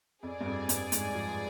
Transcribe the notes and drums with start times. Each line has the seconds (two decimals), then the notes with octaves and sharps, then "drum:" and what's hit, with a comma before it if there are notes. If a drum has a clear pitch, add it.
0.23 F2 G#4 D5 G#5
0.41 G2
0.46 F2
0.69 G2, drum: hi-hat
0.92 G#2, drum: hi-hat
1.15 F3